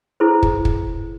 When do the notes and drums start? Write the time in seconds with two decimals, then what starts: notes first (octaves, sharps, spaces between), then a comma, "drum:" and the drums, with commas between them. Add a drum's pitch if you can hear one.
0.20 E4 G#4 A4 B4 C5
0.43 drum: kick
0.65 drum: kick